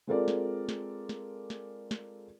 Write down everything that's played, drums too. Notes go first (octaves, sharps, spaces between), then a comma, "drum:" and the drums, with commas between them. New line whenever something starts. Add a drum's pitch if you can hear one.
G#3 C4 F4 A4 A#4 D5
drum: snare
drum: snare
drum: snare
drum: snare
drum: snare